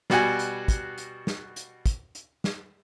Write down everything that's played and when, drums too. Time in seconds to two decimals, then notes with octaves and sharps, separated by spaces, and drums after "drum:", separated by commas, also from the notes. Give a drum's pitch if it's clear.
0.10 B2 G3 F#4 F#5 G#5, drum: snare
0.39 drum: hi-hat
0.68 drum: kick, hi-hat
0.98 drum: hi-hat
1.27 drum: snare
1.56 drum: hi-hat
1.86 drum: kick, hi-hat
2.15 drum: hi-hat
2.44 drum: snare